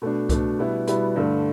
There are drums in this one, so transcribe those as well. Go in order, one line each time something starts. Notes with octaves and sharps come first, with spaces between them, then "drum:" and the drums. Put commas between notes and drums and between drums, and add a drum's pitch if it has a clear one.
B2 A3 D4
B2 A3 D4, drum: kick C2, hi-hat
B2 G3 B3 E4
B2 G3 B3 E4, drum: hi-hat
G2 D3 A3